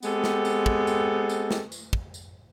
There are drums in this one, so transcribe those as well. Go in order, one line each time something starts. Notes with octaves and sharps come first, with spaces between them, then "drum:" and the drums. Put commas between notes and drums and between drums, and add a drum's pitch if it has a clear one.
G#3 B3 C4 G4 A4, drum: tambourine
drum: snare
drum: tambourine
drum: kick
drum: tambourine
drum: tambourine
drum: snare
drum: tambourine
drum: kick
drum: tambourine